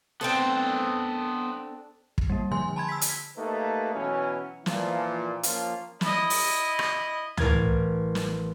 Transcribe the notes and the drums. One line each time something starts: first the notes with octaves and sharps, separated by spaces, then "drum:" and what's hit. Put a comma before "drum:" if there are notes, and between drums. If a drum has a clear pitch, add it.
B3 C4 D4 A4 C5
drum: kick
G3 A#3
D3 F3 G#5 C6
A5 B5 G#6
E6 B6
drum: hi-hat
A3 A#3 D#4 G4 A4 B4
B2 E3 F#3 C#4
A#2 E3 F3, drum: snare
F3 A#3 C#4 F4, drum: hi-hat
E4 D#5, drum: snare
drum: open hi-hat
drum: rim click
A1 A#4 G#6 A6, drum: tom C#2
drum: snare